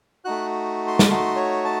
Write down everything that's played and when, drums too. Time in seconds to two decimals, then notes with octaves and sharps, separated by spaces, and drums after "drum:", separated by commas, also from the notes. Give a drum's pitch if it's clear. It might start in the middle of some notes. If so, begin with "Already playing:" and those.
0.25 A3 D#4 F#4 F#6
0.87 C6
0.99 drum: snare
1.09 A3 D#4 F#4 C6
1.36 C#5
1.65 A5